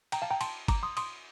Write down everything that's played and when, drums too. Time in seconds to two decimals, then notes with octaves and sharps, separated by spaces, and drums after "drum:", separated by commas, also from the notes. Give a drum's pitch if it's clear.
0.12 G5 A#5, drum: cymbal
0.22 F5 A5
0.31 G5 A#5
0.41 A5 C6, drum: cymbal
0.68 A#5 D6, drum: kick, cymbal
0.83 C6 D#6
0.97 C6 D#6, drum: cymbal